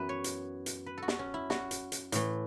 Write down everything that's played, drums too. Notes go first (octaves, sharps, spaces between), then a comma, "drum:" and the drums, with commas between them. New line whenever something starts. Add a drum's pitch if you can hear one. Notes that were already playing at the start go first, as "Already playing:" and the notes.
Already playing: F#2 E3 B3 B4 E5
C#5
drum: hi-hat
drum: hi-hat
B4
F#4 A4
drum: snare
C#4
E4
F#4, drum: snare
drum: hi-hat
drum: hi-hat
A2 E3 A3, drum: hi-hat